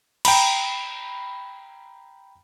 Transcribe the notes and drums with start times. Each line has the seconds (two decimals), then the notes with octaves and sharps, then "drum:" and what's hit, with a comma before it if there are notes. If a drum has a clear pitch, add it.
0.25 G5 A#5 B5, drum: cymbal